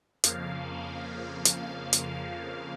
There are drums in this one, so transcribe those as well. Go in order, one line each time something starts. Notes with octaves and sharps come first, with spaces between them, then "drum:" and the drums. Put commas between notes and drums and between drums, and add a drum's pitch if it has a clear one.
F2 C#3 F3 A#3 F5, drum: hi-hat
drum: hi-hat
drum: hi-hat